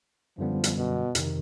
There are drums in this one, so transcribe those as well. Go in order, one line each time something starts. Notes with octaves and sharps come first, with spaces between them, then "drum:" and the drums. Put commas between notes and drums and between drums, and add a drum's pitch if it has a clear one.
F#2 D3 F3 G3 B3
drum: hi-hat
B2
F2 C3 D#3, drum: hi-hat